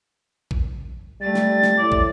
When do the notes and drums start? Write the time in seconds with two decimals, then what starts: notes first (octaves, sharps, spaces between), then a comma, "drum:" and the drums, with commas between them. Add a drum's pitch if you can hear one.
0.51 drum: kick
1.21 G3 A3 A6
1.35 drum: snare
1.63 drum: snare
1.78 A2 D5
1.92 drum: kick